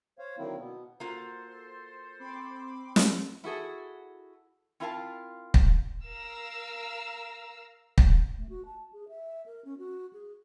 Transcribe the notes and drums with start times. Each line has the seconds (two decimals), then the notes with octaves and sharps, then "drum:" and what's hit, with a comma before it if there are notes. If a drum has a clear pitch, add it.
0.19 C5 C#5 F5
0.38 D3 D#3 F#3 A#3 C4 E4
0.58 B2 B3
1.00 A#3 F4 F#4 A4 C5
2.20 C4 B5 C6 D6
2.96 drum: snare
3.44 E4 F#4 G#4 A4
4.80 C4 E4 F4 A#4 F5 A5
5.54 drum: kick
6.05 A#4 F5 A#5 E6
7.98 drum: kick
8.38 A3
8.49 F#4
8.65 A5
8.93 G#4
9.08 E5
9.46 A#4
9.65 C#4
9.78 F#4
10.13 G#4